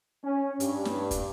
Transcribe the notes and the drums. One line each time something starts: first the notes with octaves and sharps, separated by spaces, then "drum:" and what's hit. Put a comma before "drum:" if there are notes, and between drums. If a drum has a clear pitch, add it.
C#4
G2, drum: hi-hat
drum: snare
drum: kick, hi-hat